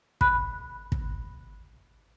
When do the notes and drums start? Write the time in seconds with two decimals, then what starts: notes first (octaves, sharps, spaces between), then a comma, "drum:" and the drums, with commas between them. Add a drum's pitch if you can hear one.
0.21 B5 F#6, drum: kick
0.92 drum: kick